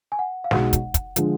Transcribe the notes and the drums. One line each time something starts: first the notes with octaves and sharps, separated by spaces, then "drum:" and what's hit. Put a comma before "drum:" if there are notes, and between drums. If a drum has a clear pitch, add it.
G#5
F#5
F5
B1 B2 G#3 D#4 F#4 F#5, drum: snare
drum: kick, hi-hat
drum: kick, hi-hat
D3 F3 G#3, drum: hi-hat